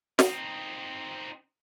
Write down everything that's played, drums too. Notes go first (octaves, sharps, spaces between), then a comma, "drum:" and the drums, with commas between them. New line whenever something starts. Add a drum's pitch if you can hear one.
C4 D#4, drum: snare